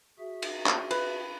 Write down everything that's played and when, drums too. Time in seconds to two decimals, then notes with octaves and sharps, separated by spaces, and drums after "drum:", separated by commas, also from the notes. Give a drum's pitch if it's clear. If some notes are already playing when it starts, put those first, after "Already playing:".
0.19 F#4 G#4 E5
0.42 drum: cymbal
0.66 drum: clap
0.91 B4, drum: cymbal